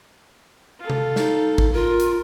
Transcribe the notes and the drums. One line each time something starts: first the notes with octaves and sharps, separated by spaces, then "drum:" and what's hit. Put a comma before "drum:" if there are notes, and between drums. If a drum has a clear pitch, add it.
F4 A4
drum: tom C3
D#4, drum: snare
drum: kick G#1
F4 A#4
drum: hi-hat